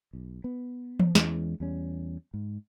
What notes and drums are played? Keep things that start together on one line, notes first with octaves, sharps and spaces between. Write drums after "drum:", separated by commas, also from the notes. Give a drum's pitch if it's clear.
B1
B3
drum: tom E3
E2 E3 G#3 C#4, drum: snare
E2 G3 C#4
G#2